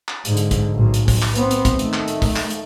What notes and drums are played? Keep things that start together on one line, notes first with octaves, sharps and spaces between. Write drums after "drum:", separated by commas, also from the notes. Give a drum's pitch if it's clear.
drum: clap
G#2 D3, drum: hi-hat
drum: hi-hat
drum: kick, hi-hat
B1 A2
drum: hi-hat
drum: kick, open hi-hat
drum: clap
B3 C4, drum: hi-hat
drum: hi-hat
drum: kick, hi-hat
D#3 A3, drum: hi-hat
drum: clap
drum: hi-hat
drum: kick, open hi-hat
drum: clap
drum: hi-hat